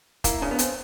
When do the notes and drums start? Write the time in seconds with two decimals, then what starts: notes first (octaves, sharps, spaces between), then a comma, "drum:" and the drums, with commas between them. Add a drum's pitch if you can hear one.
0.24 A#3 E4, drum: kick, hi-hat
0.41 C#3 D4
0.51 B3
0.59 C#3 C4, drum: hi-hat